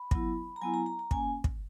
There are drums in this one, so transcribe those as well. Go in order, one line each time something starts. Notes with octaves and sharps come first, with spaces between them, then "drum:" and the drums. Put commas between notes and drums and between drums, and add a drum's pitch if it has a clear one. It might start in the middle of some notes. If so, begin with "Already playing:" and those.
Already playing: B5
F#3 B3 E4, drum: kick
A#5
F#3 B3 E4 G#5
A#5
A#5
A#5
A#3 C#4 G#5, drum: kick
drum: kick